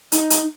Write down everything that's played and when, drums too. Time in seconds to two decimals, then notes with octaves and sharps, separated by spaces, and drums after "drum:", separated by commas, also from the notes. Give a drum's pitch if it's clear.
0.12 D#4, drum: hi-hat
0.30 drum: hi-hat